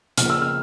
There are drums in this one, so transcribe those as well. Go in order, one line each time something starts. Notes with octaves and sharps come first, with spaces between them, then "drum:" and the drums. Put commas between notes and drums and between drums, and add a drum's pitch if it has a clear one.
C#3 F3 A#3 F6, drum: hi-hat
E6
F6